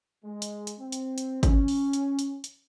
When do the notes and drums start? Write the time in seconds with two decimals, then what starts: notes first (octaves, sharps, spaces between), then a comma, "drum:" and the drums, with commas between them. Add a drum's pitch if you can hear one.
0.25 G#3
0.42 drum: hi-hat
0.67 drum: hi-hat
0.80 C4
0.92 drum: hi-hat
1.18 drum: hi-hat
1.43 C#4, drum: kick G1, hi-hat
1.68 drum: open hi-hat
1.93 drum: hi-hat
2.19 drum: hi-hat
2.44 drum: hi-hat